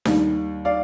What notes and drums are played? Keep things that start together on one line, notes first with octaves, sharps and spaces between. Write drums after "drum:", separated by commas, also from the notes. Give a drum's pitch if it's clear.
D#2 D#3 G3, drum: snare D4
D5 F5